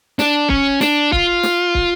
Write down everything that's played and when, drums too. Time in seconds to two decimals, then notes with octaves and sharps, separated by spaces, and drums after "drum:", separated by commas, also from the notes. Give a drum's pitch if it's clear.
0.19 D4, drum: snare
0.50 C#4, drum: kick
0.81 D4, drum: snare
1.12 F4, drum: kick
1.43 drum: snare
1.75 drum: kick